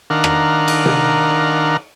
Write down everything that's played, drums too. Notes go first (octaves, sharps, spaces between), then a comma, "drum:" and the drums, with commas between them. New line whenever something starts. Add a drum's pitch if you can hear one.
D#3 D4 A#4 F5 F#5
drum: rim click
drum: cymbal
drum: tom C3